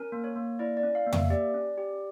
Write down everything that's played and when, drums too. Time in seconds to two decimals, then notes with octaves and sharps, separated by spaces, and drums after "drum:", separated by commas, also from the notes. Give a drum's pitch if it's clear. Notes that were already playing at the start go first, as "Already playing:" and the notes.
Already playing: C#4 A#4
0.12 A#3
0.24 C#5
0.36 A#3
0.59 E4 D5
0.77 D5
0.83 C#4
0.95 F5
1.07 A#3
1.13 E5, drum: tom F2
1.30 G4 D5
1.54 C#4
1.78 G4